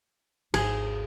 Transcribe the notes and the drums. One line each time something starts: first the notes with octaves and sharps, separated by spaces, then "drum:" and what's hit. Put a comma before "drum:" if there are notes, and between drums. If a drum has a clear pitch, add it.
G#1 D#2 G#4, drum: cymbal